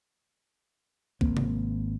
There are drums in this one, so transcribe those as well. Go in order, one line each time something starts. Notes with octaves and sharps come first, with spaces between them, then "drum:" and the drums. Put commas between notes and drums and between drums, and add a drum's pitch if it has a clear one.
G#1 G#2 A#3 C4, drum: kick
drum: tom C3